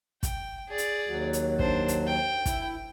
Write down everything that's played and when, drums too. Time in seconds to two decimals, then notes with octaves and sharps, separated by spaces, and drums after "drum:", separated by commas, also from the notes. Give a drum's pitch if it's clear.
0.23 G5, drum: kick, hi-hat
0.69 G#4 D5
0.78 drum: hi-hat
1.06 D#2 F#3
1.33 drum: hi-hat
1.59 D4 C5, drum: kick
1.88 drum: hi-hat
2.07 G5
2.46 E4, drum: kick, hi-hat